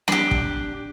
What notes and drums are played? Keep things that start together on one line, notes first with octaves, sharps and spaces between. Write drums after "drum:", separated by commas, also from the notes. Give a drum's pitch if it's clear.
D4 G4, drum: snare
drum: kick